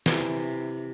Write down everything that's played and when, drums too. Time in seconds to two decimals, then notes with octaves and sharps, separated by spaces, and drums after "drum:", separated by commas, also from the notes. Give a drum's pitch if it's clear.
0.06 C3 E3 G5, drum: snare